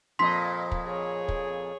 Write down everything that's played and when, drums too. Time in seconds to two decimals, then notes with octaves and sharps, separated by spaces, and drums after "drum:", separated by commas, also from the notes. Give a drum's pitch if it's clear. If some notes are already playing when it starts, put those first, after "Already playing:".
0.19 F2 A#2 D#5 C6 B6
0.71 drum: kick
0.86 G#4 C#5
1.28 drum: kick